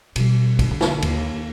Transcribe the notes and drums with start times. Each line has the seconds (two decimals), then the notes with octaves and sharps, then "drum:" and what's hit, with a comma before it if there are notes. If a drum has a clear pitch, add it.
0.16 B2 G3, drum: cymbal
0.59 drum: kick, cymbal
0.71 D3
0.81 drum: snare
1.02 D#2, drum: cymbal